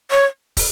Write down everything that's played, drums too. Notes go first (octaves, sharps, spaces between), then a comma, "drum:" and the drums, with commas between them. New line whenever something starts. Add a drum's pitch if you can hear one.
C#5
drum: kick, open hi-hat